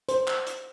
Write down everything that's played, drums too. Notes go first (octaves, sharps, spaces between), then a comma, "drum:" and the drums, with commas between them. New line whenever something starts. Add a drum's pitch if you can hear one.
C5, drum: hi-hat
drum: clap
drum: hi-hat